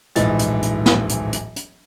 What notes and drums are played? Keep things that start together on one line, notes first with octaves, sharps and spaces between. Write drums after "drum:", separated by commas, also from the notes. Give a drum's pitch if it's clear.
D1 A#1 G#2 E3 D#5 A6, drum: hi-hat
drum: hi-hat
drum: hi-hat
drum: snare
drum: hi-hat
drum: hi-hat
drum: hi-hat